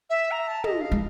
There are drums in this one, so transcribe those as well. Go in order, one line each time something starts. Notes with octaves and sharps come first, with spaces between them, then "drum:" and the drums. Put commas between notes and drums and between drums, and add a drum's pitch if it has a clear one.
E5
A#5
A5
D#5, drum: tom
F5
G#3